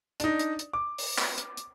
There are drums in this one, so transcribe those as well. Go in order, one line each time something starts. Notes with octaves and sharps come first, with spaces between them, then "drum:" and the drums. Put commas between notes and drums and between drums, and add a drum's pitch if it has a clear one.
D4 D#4, drum: hi-hat
drum: hi-hat
drum: hi-hat
D6
drum: open hi-hat
drum: clap
drum: hi-hat
drum: hi-hat